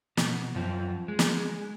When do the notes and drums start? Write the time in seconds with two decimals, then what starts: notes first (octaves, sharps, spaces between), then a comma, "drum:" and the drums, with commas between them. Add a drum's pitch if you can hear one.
0.17 B2, drum: snare
0.55 F#2 F3
1.08 G#3
1.19 drum: snare